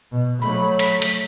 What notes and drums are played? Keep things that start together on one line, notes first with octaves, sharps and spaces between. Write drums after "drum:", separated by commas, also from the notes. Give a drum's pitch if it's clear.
B2
F#3 A3 B5
B6, drum: hi-hat
drum: hi-hat